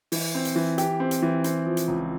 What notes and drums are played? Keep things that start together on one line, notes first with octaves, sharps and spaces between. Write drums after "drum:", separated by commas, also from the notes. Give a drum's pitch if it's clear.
E3, drum: open hi-hat
C4
drum: hi-hat
E3
G4, drum: hi-hat
C4
drum: hi-hat
E3
C4, drum: hi-hat
F3
drum: hi-hat
C#2